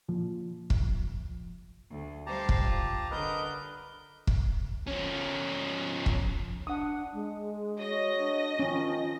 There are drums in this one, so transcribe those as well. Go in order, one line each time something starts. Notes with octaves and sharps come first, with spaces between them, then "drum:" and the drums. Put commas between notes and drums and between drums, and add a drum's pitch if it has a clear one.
A#2 F3
drum: kick
D2
G3 G4 C5 F5 A5 A#5
drum: kick
F4
D3 A#4 B4 D#5 G6
drum: kick
F3 C#4
drum: kick
D4 F#5 D#6
G#3
F#4 C#5 D#5 A#6
D4
D#3 F3 C#4